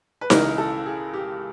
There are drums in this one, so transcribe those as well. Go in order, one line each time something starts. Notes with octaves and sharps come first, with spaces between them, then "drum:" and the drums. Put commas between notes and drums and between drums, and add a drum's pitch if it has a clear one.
B4
C#2 C#3 E3 A#4, drum: snare D#4
A4
G#4
G4